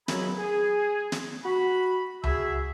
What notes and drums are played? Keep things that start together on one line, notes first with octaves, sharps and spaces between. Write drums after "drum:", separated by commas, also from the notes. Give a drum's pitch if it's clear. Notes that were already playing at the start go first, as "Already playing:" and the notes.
C#2 F#2 F#3 E4 G#4 B5, drum: snare
G#4
drum: snare
F#4 B5
F#4 G#4 E5, drum: tom C#2